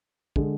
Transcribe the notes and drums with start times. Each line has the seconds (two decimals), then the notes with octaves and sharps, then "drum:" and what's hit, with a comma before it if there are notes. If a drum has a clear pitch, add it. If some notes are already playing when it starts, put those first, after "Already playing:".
0.36 D3 G#3, drum: kick